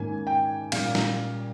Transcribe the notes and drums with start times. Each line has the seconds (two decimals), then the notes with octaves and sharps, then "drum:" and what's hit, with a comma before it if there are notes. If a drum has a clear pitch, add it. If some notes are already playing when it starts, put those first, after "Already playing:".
Already playing: G#2 D#3 A#3 C#4 G#5
0.27 G5
0.72 A#2 G3 C#4 F5, drum: cymbal
0.95 drum: snare